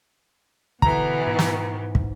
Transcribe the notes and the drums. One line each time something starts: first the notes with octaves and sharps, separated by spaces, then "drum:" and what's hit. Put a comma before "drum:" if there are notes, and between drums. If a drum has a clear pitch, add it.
B2 D3 E3 B3 A#5, drum: kick
G#2
drum: snare
drum: kick